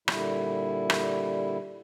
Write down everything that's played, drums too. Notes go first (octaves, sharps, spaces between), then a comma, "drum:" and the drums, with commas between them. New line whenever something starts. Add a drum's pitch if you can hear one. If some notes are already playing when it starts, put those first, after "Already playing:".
A#2 D3 G3 E4, drum: rim click
drum: rim click